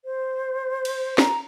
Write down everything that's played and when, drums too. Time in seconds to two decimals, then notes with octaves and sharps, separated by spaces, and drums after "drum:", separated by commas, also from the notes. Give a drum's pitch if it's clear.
0.05 C5
0.85 drum: cymbal
1.18 A#5, drum: snare